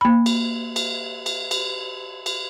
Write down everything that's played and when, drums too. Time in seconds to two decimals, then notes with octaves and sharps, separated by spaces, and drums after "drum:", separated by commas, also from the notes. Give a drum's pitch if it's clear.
0.01 A#3 B5
0.26 drum: cymbal
0.76 drum: cymbal
1.26 drum: cymbal
1.51 drum: cymbal
2.26 drum: cymbal